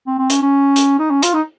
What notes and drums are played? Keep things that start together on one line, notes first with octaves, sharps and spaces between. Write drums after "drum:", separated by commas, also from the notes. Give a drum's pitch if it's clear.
C4
C4
C#4, drum: hi-hat
C#4
drum: hi-hat
D#4
C#4
F4, drum: hi-hat
D#4